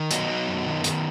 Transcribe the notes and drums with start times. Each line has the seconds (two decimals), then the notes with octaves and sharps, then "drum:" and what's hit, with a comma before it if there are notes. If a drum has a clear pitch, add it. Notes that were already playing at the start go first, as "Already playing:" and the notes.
Already playing: D#3
0.11 F#3 B3 D#4, drum: hi-hat
0.29 F#3
0.48 F#2
0.66 D#3
0.84 D#3, drum: hi-hat